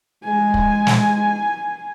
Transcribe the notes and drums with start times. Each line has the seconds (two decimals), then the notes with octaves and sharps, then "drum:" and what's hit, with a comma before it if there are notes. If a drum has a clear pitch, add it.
0.24 G#3 G#5
0.54 drum: kick
0.87 drum: snare